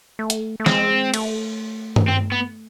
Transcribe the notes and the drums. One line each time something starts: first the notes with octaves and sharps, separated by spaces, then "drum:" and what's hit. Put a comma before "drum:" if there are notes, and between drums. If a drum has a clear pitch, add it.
A3
drum: hi-hat
A3
G#3 C4, drum: snare
A3, drum: cymbal
drum: tom G2
C4
B3